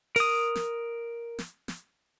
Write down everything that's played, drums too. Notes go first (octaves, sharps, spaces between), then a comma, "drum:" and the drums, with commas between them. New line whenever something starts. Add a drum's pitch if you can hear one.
A#4 D#6, drum: open hi-hat
drum: snare
drum: snare
drum: snare